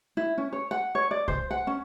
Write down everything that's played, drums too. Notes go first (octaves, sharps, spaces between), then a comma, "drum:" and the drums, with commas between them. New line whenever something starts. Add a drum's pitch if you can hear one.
E4
C#4
C#5
F#5
C#5
D5
C5, drum: kick C2
F#5
C#4